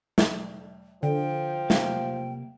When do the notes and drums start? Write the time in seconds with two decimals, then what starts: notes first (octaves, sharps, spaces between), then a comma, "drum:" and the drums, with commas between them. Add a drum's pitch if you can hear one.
0.18 drum: snare
1.03 D3 F3 G5
1.70 C3 A#3 F5, drum: snare